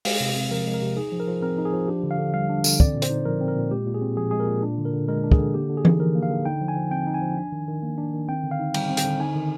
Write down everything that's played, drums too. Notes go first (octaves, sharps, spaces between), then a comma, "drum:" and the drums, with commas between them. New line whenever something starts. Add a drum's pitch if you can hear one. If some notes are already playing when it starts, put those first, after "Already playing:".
G#3 F5, drum: open hi-hat
C3
C4
F3 A#4
G#3
A#4
C3
D#4 G#4
F3
A#4
F3
C4 A#4
D#4
G#4
F3
D4 G4
D3
F5
D3
G3 F5
D4
D3, drum: tambourine
C4 D5, drum: kick
A#2
C5, drum: hi-hat
D#4
F3 A#4
C4
A#4
A#2
G#3 G4
A#2
G#4
C4
F3 G#4
G#3 G#4
A#4
A#2
D4
D3
A#4
D3
G#3 A#4
D4
G#4, drum: kick
D3
A#3 G4
D3
G#4
D#4, drum: tom E3
F3 A#4
A#3
F5
D3
D#4 G5
F3
G#5
F3
C4 G5
D#4
G#5
F3
D4
D#3
D#3
A#3
D4
D#3
C4 G5
D3
F5
D#4
G3 G5, drum: cymbal
C4
G5, drum: hi-hat
D3
D#4 G#5
D#3